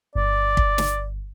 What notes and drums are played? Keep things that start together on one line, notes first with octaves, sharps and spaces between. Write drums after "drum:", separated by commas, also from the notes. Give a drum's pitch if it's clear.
G1 D5
drum: kick
drum: snare